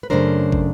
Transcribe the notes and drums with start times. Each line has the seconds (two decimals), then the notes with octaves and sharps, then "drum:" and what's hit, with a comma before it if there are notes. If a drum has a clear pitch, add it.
0.03 B4
0.10 F#2 C#3 F#3 A3 D4 A#4 C5
0.52 drum: kick